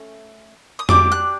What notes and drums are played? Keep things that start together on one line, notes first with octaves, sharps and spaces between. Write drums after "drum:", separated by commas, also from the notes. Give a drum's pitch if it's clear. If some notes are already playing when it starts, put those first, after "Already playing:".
Already playing: A3 C#4
D#6
D4 G4 D6, drum: tom F2
F#6